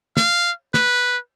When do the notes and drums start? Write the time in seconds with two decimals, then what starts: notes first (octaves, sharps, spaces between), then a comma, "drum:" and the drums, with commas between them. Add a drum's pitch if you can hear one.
0.17 F5, drum: snare
0.74 B4, drum: snare